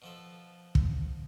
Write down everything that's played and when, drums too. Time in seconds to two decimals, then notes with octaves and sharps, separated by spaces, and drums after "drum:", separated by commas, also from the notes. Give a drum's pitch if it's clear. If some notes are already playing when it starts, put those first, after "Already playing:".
0.02 B2 F3 A4
0.75 drum: kick